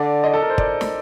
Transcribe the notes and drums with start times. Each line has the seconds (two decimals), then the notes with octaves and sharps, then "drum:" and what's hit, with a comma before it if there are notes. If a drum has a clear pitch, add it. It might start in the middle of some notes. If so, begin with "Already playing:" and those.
Already playing: D3 D5
0.24 D#5
0.34 A4
0.42 A#4
0.50 C5
0.58 D5, drum: kick
0.81 drum: snare